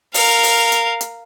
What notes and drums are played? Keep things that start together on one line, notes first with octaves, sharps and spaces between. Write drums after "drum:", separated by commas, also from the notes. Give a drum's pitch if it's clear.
A#4 F5, drum: open hi-hat
drum: open hi-hat
drum: hi-hat
drum: hi-hat